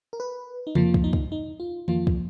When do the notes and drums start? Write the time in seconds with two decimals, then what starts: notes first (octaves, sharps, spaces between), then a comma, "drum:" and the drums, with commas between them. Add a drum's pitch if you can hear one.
0.13 A#4
0.20 B4
0.67 D#4
0.75 F2 F3 A#3 F4, drum: tom C3
0.94 drum: kick
1.04 D#4
1.13 drum: kick
1.32 D#4
1.60 F4
1.88 F2 F3 A#3 F4, drum: tom
2.07 drum: kick